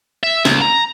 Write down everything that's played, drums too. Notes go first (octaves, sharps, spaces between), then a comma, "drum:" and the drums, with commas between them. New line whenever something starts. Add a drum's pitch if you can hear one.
E5
C#2, drum: snare
A#5